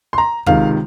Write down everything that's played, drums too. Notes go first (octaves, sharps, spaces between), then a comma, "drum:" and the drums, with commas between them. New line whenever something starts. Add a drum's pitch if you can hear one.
C6
A#5
C#2 C3 D#3 G#3 F5, drum: kick